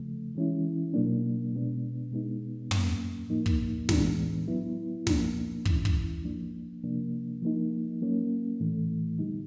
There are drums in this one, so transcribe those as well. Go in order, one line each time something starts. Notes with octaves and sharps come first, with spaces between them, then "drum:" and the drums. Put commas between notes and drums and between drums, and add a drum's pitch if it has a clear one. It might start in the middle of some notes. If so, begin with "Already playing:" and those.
Already playing: C#3 F3 A3
E3 G#3 C#4 E4
B2 F#3 A#3 D4
B2 G#3 B3 D4
B2 G#3 B3 D#4
A2 F#3 A#3 C#4, drum: tom
A2 F3 A#3 D#4
drum: kick
A2 E3 G#3 B3 D4, drum: snare
F#3 B3 E4
A#2 F3 A#3 D4, drum: snare
E3 G#3 C#4 E4, drum: kick
drum: kick
F3 A#3 D4
C3 F3 A#3 D4
F3 A#3 D#4
F#3 A#3 C#4
A2 E3 A3
D3 G3 B3 D#4